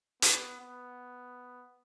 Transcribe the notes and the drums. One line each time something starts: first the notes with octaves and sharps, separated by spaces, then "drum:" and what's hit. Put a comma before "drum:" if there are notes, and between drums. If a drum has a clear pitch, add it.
B3, drum: hi-hat
B3